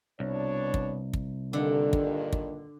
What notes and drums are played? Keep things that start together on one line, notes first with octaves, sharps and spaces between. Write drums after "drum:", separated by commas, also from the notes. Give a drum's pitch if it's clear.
C2 B2 D4 C#5
drum: kick
drum: kick
G2 A#2 D3 D#3
drum: kick
drum: kick